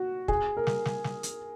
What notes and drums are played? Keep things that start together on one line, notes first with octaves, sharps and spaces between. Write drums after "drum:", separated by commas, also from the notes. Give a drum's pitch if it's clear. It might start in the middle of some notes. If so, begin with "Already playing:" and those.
Already playing: F#4
G#4, drum: kick
A#4
drum: snare
drum: snare
drum: snare
drum: hi-hat